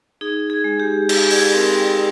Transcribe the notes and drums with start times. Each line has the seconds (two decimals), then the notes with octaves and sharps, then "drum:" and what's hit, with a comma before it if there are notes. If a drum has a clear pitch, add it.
0.21 D#4 G#4
0.50 G#4
0.64 G#3
0.80 G4
1.09 G#3 G4, drum: cymbal
1.31 G#4, drum: open hi-hat
1.53 C4 A#4
1.75 G5